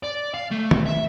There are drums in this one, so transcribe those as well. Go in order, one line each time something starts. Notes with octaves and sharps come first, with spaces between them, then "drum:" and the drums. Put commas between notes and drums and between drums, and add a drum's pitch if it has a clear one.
D5
F5
A3
drum: tom D#3
E5